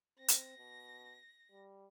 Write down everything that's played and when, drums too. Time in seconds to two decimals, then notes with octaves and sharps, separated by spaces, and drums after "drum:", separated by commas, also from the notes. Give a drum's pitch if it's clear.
0.19 C4 A#6
0.28 drum: hi-hat
0.58 B2
1.52 G3